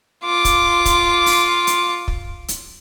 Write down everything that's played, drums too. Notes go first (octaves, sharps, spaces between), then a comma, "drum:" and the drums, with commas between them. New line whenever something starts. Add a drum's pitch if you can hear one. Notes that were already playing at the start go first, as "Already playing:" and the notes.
F4 D6
drum: kick, hi-hat
drum: kick, hi-hat
drum: open hi-hat
drum: hi-hat
drum: kick
drum: hi-hat